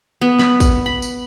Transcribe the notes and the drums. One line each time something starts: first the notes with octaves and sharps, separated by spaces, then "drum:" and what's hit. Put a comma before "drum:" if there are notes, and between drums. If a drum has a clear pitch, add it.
B3
B5, drum: snare
drum: kick, tambourine
B5
drum: tambourine